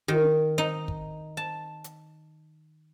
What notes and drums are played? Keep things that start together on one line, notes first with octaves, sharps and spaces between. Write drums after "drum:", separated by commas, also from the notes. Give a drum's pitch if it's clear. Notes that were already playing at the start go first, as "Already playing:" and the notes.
D#3, drum: tom
D#4
drum: kick
A5
drum: hi-hat